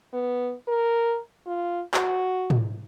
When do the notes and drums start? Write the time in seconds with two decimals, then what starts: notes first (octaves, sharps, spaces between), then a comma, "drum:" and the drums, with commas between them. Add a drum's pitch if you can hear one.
0.13 B3
0.68 A#4
1.47 F4
1.94 F#4, drum: clap
2.50 drum: tom